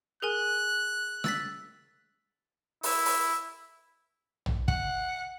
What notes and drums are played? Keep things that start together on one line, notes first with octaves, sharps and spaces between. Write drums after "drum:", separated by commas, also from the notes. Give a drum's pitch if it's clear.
G#4 A#4 G#5 F#6
E6 A6 B6, drum: snare
E4, drum: open hi-hat
drum: open hi-hat
drum: tom A#1
F#5, drum: kick